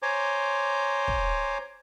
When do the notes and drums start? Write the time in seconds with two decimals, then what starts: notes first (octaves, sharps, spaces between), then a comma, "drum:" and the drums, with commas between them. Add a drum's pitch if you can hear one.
0.02 C5 C#5 G#5 A#5 C6 D6
1.08 drum: kick